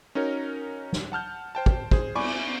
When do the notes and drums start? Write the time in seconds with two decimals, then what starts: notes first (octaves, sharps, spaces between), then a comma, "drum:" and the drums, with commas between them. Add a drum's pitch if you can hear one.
0.15 C#4 D#4 F#4 A#4 C#5
0.93 drum: snare
1.12 F#5 A5 F6 G6
1.55 C5 G5 A5
1.66 drum: kick
1.91 G#4 C5, drum: kick
2.15 D5 G#5 B5 C#6 D6, drum: cymbal